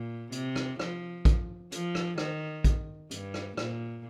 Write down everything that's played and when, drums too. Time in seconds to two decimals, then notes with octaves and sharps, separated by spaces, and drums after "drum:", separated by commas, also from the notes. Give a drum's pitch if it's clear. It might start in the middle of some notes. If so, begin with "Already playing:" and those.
Already playing: A#2
0.32 C3, drum: hi-hat
0.56 drum: rim click
0.79 F3, drum: rim click
1.25 drum: kick, hi-hat
1.72 F3, drum: hi-hat
1.95 drum: rim click
2.18 D#3, drum: rim click
2.64 drum: kick, hi-hat
3.11 G2, drum: hi-hat
3.34 drum: rim click
3.57 A#2, drum: rim click